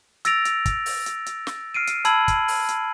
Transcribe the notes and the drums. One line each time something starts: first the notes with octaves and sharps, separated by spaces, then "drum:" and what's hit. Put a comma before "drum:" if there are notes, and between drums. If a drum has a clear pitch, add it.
E6 A6 A#6 D7 F7, drum: hi-hat
drum: hi-hat
drum: kick, hi-hat
drum: open hi-hat
drum: hi-hat
drum: hi-hat
drum: snare
F6 C7 D7 D#7
drum: hi-hat
A5 B5 E6 G#6 F#7, drum: hi-hat
drum: kick, hi-hat
drum: open hi-hat
drum: hi-hat